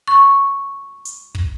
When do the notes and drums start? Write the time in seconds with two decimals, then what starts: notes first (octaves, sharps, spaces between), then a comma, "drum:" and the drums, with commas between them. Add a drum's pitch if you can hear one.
0.08 C#6
1.05 drum: hi-hat
1.35 drum: kick